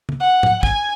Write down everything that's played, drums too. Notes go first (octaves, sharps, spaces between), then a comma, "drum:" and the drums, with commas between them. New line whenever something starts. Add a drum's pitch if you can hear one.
drum: tom C#3
F#5
drum: tom G#2
G#5, drum: kick